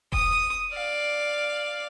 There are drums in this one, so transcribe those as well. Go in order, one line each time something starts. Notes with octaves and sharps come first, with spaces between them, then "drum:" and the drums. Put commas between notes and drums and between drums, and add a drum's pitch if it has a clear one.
D#6, drum: kick E1
D5 F5